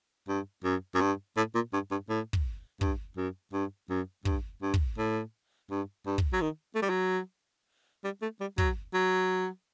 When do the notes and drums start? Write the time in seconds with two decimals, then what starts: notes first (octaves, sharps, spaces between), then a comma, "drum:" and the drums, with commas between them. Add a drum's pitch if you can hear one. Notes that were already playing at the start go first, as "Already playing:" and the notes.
0.28 G2
0.64 F#2
0.95 F#2
1.01 G2
1.37 A2
1.55 A#2
1.73 G2
1.91 G2
2.09 A2
2.33 drum: kick
2.81 G2, drum: kick
3.17 F#2
3.53 G2
3.90 F#2
4.25 G2, drum: kick
4.62 G2
4.74 drum: kick
4.98 A2
5.70 G2
6.06 G2
6.18 drum: kick
6.33 F#3
6.41 D#3
6.75 A3
6.82 G3
6.90 F#3
8.04 G3
8.22 A3
8.41 G3
8.58 F#3, drum: kick
8.94 F#3